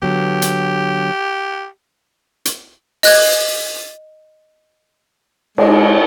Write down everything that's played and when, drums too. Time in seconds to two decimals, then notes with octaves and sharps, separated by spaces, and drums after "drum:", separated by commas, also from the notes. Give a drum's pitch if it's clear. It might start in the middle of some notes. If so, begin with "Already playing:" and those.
0.02 D3 F#3 B3 G4
0.42 drum: hi-hat
2.45 drum: hi-hat
3.03 D#5 F#6 G#6, drum: open hi-hat
5.58 G#3, drum: cymbal